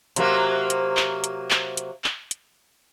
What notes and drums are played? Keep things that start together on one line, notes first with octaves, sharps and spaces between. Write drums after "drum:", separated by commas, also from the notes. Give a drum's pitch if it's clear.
C3 F#3 A#3, drum: hi-hat
drum: hi-hat
drum: clap
drum: hi-hat
drum: clap
drum: hi-hat
drum: clap
drum: hi-hat